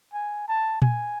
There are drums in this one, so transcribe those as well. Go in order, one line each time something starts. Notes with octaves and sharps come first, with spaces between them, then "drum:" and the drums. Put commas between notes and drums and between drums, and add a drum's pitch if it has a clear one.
G#5
A5
G#5, drum: tom A#2